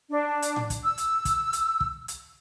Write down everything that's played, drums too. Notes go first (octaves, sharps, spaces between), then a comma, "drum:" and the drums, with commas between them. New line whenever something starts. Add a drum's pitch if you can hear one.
D4
drum: hi-hat
drum: tom A2
drum: kick, hi-hat
E6
drum: hi-hat
drum: kick, hi-hat
drum: hi-hat
drum: kick
drum: hi-hat